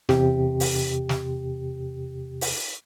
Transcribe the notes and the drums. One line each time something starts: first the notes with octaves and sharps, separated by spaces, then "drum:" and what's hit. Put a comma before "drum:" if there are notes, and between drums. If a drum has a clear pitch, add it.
E2 C3 G4, drum: snare
drum: open hi-hat
drum: snare
drum: open hi-hat